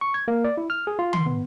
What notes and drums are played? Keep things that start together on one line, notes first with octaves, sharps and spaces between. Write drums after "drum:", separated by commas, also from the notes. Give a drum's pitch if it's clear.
C#6
G#6
A#3
D5
E4
F6
G#4
F4
C6, drum: tom
B3